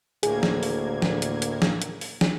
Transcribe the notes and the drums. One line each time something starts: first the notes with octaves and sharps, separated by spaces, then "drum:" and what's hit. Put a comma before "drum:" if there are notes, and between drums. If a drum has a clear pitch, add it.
D2 A2 A#3 G#4 G#6, drum: hi-hat
drum: snare
drum: open hi-hat
drum: snare
drum: hi-hat
drum: hi-hat
drum: snare
drum: hi-hat
drum: open hi-hat
drum: snare